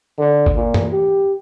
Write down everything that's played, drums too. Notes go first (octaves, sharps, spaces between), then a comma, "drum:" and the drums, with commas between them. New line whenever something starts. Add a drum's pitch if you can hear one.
D3
drum: kick G1
A#2
drum: tom
G4